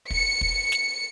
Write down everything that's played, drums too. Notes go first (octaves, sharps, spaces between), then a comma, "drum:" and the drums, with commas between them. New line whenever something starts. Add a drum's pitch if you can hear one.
C#7, drum: kick
drum: kick
drum: snare